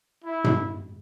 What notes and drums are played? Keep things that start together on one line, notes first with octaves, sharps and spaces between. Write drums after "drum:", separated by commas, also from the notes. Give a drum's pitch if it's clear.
E4
drum: tom